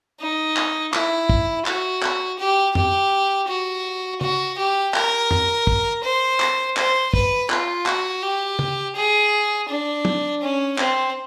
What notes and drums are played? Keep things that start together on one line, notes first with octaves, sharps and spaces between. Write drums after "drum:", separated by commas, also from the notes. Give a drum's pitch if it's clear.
D#4
drum: clap
E4, drum: clap
drum: kick
F#4, drum: clap
drum: clap
G4
G4, drum: tom F2
F#4
F#4, drum: tom
G4
A#4, drum: clap
drum: tom F2
drum: kick
C5
drum: clap
C5, drum: clap
B4, drum: kick
F4, drum: clap
F#4, drum: clap
G4
drum: tom
G#4
D4
drum: tom
C#4
C4, drum: clap